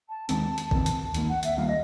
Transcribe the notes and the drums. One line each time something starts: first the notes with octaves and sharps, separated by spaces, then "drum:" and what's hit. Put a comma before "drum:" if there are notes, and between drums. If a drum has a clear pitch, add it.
A5
D#2 D#3 G#3 C4 A5, drum: hi-hat
drum: hi-hat
D#2 D#3 G#3 C4, drum: kick A1
drum: hi-hat
D#2 D#3 G3 A#3, drum: hi-hat
F#5
E5, drum: hi-hat
D#2 D#3 G3 A#3 F5
D#5